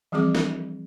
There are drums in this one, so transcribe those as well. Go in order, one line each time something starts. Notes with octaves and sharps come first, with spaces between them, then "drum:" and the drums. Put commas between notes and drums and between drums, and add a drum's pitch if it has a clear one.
E3 F3 G3 C4 G#4 D6
drum: snare